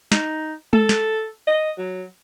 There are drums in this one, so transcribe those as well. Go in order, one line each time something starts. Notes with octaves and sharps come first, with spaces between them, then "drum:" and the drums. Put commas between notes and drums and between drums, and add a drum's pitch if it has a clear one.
D#4, drum: snare
A4, drum: tom G#3
drum: snare
D#5
F#3